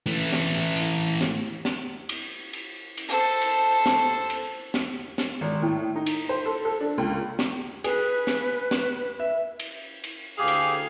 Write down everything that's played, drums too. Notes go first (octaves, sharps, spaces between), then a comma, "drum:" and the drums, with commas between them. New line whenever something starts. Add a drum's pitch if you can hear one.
E3 A3
drum: snare
drum: cymbal
drum: snare
drum: snare
drum: cymbal
drum: cymbal
drum: cymbal
A4 C5
drum: cymbal
drum: snare
drum: cymbal
drum: snare
drum: snare
G#1
A2
D#4
drum: cymbal
C5
A4
A4
D4
C#2
drum: snare
G#4 B4, drum: cymbal
drum: snare
drum: snare
E5
drum: cymbal
drum: cymbal
D2 G4 G#4 F5
drum: cymbal